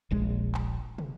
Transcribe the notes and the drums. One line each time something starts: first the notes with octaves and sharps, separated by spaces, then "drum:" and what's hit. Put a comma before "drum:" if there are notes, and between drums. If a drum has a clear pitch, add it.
D#1 A#1 G#3
drum: clap
drum: tom